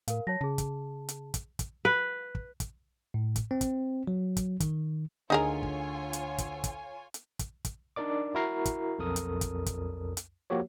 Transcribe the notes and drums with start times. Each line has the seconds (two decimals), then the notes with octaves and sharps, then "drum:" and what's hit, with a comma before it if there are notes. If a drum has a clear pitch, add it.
0.08 A2 A#4 F5, drum: hi-hat
0.27 F#3 C#5 A5 A#6
0.41 C#3 G#4 A5
0.58 drum: kick, hi-hat
1.09 drum: hi-hat
1.34 drum: kick, hi-hat
1.59 drum: kick, hi-hat
1.85 B4
2.35 drum: kick
2.60 drum: kick, hi-hat
3.14 A2
3.36 drum: kick, hi-hat
3.51 C4
3.61 drum: kick, hi-hat
4.07 F#3
4.37 drum: kick, hi-hat
4.60 D#3, drum: kick, hi-hat
5.30 D2 D#4 F4 G#4 A#4 C#5 G#5
5.63 drum: kick
6.13 drum: hi-hat
6.38 drum: kick, hi-hat
6.64 drum: kick, hi-hat
7.14 drum: hi-hat
7.39 drum: kick, hi-hat
7.65 drum: kick, hi-hat
7.96 D4 D#4 A#4 D5 D6
8.35 E4 F#4 A#4 A#5 C7
8.65 drum: kick, hi-hat
8.98 B1 F2 A4 A#4 D#6
9.16 drum: hi-hat
9.41 drum: kick, hi-hat
9.66 drum: kick, hi-hat
10.17 drum: hi-hat
10.50 F3 A#3 F#4 G4 C#5